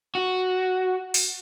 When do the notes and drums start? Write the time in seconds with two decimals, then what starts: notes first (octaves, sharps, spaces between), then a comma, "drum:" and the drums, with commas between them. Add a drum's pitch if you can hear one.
0.15 F#4
1.14 drum: open hi-hat